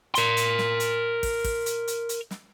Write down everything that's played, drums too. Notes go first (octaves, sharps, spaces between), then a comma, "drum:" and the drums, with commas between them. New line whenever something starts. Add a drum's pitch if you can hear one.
A#4 C6, drum: hi-hat
drum: hi-hat
drum: snare
drum: hi-hat
drum: kick, open hi-hat
drum: kick, open hi-hat
drum: hi-hat
drum: hi-hat
drum: hi-hat
drum: snare